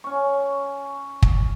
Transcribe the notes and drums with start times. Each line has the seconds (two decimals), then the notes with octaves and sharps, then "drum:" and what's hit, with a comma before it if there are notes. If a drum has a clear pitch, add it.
0.04 C#4 C#6
1.22 drum: kick